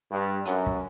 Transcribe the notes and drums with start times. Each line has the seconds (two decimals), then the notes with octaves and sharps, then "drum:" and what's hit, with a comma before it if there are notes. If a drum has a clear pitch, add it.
0.11 G2
0.45 F#2, drum: hi-hat
0.66 drum: kick